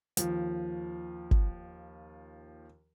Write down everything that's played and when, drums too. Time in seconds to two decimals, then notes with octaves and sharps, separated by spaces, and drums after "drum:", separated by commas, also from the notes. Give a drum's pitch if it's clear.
0.17 D#2 F3, drum: hi-hat
1.31 drum: kick G1